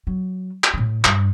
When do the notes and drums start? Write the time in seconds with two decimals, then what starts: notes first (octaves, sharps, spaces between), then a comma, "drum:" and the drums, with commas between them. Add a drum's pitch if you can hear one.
0.07 F#3
0.64 drum: clap
0.74 A2 A3
1.04 G2, drum: clap